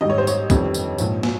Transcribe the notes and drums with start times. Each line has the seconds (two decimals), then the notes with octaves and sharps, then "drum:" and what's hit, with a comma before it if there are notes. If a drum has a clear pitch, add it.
0.01 G#1 G#2 G3 D#5
0.10 C#5
0.18 C5
0.27 C#5, drum: tambourine
0.50 G1 F2 D#3 G3, drum: kick, tambourine
0.74 drum: tambourine
0.98 A#1 G#2 F3, drum: tambourine
1.23 drum: snare